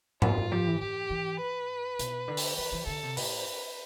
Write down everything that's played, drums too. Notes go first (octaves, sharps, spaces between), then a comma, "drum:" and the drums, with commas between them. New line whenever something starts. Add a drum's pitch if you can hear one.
F2 F4, drum: tom G#2
G2
F3 G4
E3
E3 G4
E3
B4
B2, drum: hi-hat
D3
drum: open hi-hat
E3 B4
E3
D3 A4
C3
A2 B4, drum: open hi-hat